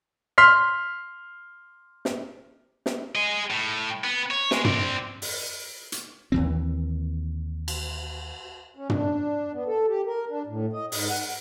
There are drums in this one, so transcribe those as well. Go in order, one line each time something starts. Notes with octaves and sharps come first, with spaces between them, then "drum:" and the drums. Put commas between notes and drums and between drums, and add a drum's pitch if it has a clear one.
C6 F6 B6 C7
drum: snare
drum: snare
G#4 D#5
A2
B3
C#5
C2 G#3, drum: snare
C4 D5, drum: tom
drum: open hi-hat
drum: hi-hat
D#2 E3 C4
drum: cymbal
C#4
D4, drum: tom
B3
A4
G4
A#4
D4
A2
D#5
G#2, drum: open hi-hat
F#5